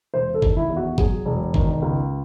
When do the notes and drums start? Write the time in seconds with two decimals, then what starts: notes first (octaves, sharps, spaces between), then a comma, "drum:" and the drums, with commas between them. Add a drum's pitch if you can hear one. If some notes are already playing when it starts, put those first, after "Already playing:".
0.14 E1 C5
0.34 A4
0.42 D#3, drum: kick G1
0.56 E4
0.69 E2
0.77 F#4
0.98 F#3 G#4, drum: kick G1
1.25 E1
1.54 D#3, drum: kick G1
1.82 C#2